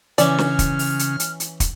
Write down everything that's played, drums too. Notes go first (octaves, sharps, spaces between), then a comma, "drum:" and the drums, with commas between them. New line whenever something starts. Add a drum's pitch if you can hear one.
C#3 E3 C#4 D5 F6, drum: hi-hat
drum: snare
drum: kick, hi-hat
drum: open hi-hat
drum: hi-hat
drum: hi-hat
drum: hi-hat
drum: kick, hi-hat